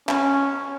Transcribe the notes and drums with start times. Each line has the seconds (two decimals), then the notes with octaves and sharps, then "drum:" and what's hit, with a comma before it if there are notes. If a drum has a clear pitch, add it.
0.09 C#4, drum: clap